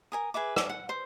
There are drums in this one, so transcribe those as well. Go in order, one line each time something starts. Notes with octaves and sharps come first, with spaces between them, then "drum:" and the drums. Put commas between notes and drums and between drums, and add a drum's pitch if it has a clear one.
A#4 G#5 D#6
G#4 B4 E5 D6
D6, drum: rim click
F#5
C5